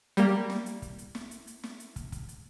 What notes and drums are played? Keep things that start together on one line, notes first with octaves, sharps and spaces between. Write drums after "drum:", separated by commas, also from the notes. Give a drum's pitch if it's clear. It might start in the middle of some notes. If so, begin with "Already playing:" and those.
G3 A#3, drum: hi-hat
drum: snare
drum: hi-hat
drum: kick, hi-hat
drum: hi-hat
drum: snare
drum: hi-hat
drum: hi-hat
drum: snare
drum: hi-hat
drum: kick, hi-hat
drum: kick, hi-hat
drum: hi-hat